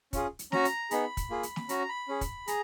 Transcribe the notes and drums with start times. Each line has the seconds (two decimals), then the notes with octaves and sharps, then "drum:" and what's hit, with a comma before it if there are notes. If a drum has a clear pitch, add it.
0.13 C#4 F4 G#4, drum: kick, hi-hat
0.39 drum: hi-hat
0.52 C#4 F#4 A#5, drum: snare
0.65 drum: hi-hat
0.91 B3 D#4 G#4 B5, drum: hi-hat
1.17 drum: kick, hi-hat
1.30 A#3 F4 G#4
1.43 drum: hi-hat
1.56 drum: snare
1.69 C#4 F#4 A#5, drum: hi-hat
1.89 B5
2.08 C#4 G#4
2.21 drum: kick, hi-hat
2.47 G#4 A#5, drum: hi-hat